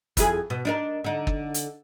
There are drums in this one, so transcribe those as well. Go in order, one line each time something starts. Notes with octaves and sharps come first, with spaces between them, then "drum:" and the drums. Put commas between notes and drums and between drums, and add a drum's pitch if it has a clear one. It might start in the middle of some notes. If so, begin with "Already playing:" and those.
F2 E4 G#4, drum: kick, hi-hat
B2
D4 D#4 A#4
D3 D#4
drum: kick
drum: hi-hat